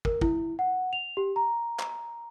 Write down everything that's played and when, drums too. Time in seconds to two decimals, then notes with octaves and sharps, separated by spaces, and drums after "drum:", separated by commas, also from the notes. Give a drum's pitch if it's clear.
0.05 A#4, drum: kick
0.21 E4, drum: kick
0.59 F#5
0.93 F7
1.17 G4
1.36 A#5
1.79 drum: clap